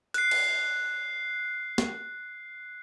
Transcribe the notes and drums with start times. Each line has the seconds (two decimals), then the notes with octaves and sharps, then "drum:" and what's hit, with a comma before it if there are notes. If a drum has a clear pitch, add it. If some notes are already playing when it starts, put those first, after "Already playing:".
0.14 F#6 C7, drum: hi-hat
0.31 drum: cymbal
1.78 drum: snare